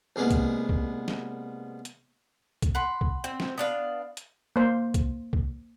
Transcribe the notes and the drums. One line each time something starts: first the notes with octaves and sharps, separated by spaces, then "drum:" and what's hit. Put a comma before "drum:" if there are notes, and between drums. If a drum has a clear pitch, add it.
C2 G#3 A#3 B3
drum: kick C2, hi-hat
drum: kick C2
drum: snare
drum: hi-hat
drum: kick C2, hi-hat
F#5 B5 C6
drum: kick C2
C4
drum: snare
B3 D4 F5
drum: hi-hat
A#3 C5
drum: kick C2, hi-hat
drum: kick C2